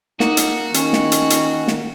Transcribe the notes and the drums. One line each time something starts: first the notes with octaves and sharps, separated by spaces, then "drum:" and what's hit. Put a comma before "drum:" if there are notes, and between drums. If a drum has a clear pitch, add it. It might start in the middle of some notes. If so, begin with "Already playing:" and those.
A#3 D#4 F#4, drum: snare
drum: hi-hat
D#3 C#4, drum: hi-hat
drum: snare
drum: hi-hat
drum: hi-hat
drum: snare